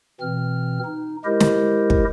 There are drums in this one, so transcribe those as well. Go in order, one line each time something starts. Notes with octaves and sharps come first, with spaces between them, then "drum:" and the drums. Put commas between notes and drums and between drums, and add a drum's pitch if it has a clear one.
B2 E3 C4 F6
D#4
G#3 E4 G4 A#4 C5 D#5
drum: snare
drum: kick